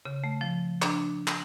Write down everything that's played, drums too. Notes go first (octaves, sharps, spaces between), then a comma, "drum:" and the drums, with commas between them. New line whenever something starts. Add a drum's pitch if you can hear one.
C#3
A3
F3
D4, drum: clap
drum: clap